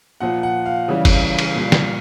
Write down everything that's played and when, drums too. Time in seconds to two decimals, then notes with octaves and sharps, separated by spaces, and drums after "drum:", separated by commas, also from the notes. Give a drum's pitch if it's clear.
0.20 A#2 F3 F#5
0.43 F#5
0.66 F5
0.88 C#3 E3 G3
1.05 drum: kick, cymbal
1.39 drum: cymbal
1.55 A#2 G3
1.72 drum: snare